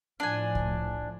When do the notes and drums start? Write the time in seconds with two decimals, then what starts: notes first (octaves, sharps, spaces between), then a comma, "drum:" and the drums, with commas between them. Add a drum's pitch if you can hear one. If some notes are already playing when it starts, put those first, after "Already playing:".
0.20 A2 F3 D4 G#5
0.55 drum: kick C2